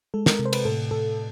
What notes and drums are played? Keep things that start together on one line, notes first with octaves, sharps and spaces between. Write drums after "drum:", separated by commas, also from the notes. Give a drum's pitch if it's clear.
G#3 A4
A#4, drum: snare
C3
C5
B4, drum: cymbal
A2 A4
A2 A4